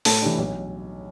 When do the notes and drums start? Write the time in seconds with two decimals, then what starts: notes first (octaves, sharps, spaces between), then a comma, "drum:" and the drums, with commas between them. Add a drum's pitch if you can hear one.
0.05 A2 A4 A5, drum: open hi-hat
0.22 E3 G3 D4
0.38 B1